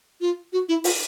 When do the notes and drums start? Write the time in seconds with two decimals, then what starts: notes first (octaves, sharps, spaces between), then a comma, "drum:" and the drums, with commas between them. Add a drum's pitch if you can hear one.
0.21 F4
0.53 F#4
0.69 E4
0.84 F4, drum: open hi-hat